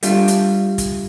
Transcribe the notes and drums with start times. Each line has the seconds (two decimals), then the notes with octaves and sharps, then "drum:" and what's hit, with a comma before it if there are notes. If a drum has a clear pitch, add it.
0.03 G3 A3 D4 F4, drum: hi-hat
0.28 drum: hi-hat
0.78 drum: kick, hi-hat